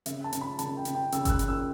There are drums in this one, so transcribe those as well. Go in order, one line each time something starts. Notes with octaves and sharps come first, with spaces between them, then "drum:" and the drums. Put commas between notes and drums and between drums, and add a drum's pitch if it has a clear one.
C#3 E5, drum: hi-hat
A5
C#3, drum: hi-hat
B5
C#3 A5, drum: hi-hat
G5
C#3, drum: hi-hat
G5
C#3 E6, drum: hi-hat
E6, drum: kick G1, hi-hat
F#6
C#3, drum: hi-hat
E6